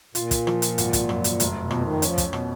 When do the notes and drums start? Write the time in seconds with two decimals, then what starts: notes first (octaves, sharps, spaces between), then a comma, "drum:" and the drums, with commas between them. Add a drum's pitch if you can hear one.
0.15 A#2 F4, drum: hi-hat
0.31 drum: kick, hi-hat
0.47 F3, drum: rim click
0.62 drum: hi-hat
0.78 G#1, drum: hi-hat
0.93 drum: kick, hi-hat
1.09 F#2, drum: rim click
1.24 drum: hi-hat
1.40 F1, drum: hi-hat
1.61 B2
1.71 F2, drum: rim click
1.82 D#3
2.02 F3 C#4, drum: hi-hat
2.18 drum: kick, hi-hat
2.33 B2 F#3, drum: rim click